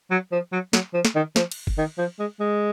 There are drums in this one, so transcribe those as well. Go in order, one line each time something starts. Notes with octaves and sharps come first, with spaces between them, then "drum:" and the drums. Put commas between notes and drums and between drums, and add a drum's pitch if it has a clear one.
F#3
F3
F#3
F#3, drum: snare
F3
drum: snare
D#3
F3, drum: snare
drum: cymbal
drum: kick G1
D#3
F3
G#3
G#3